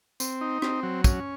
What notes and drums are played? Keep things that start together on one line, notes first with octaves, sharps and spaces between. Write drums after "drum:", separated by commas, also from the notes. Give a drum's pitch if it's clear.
C4, drum: tambourine
D#4
C4, drum: rim click
F#3
C#4, drum: kick, tambourine